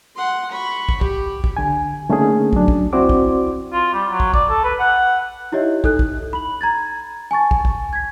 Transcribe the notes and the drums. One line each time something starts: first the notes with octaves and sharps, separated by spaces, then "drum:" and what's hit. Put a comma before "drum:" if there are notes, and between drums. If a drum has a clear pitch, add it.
F#5 C6
B5 C#6
drum: kick
G4, drum: kick
drum: kick
D3 G#5
D3 A3 A#3 C#4 D#4 G#4
F#3 D4, drum: kick
drum: kick
C4 E4 F#4 C5 D5 D6
drum: kick
F4
G3
F#3
drum: kick
D5, drum: kick
A4
B4
F#5
D#4 E4 G4 C#5 D#5 E5
D#4 A4 F#6, drum: kick
drum: kick
B5 F#7
A#5 G#6 A6
G#5 A5 C#6 A6
drum: kick
drum: kick
G#6 B6